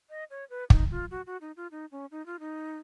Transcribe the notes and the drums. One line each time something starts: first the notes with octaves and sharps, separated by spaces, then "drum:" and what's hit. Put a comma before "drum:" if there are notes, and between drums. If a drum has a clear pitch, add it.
D#5
C#5
B4
D#4, drum: kick
F4
F#4
F#4
D#4
F4
D#4
C#4
D#4
F4
D#4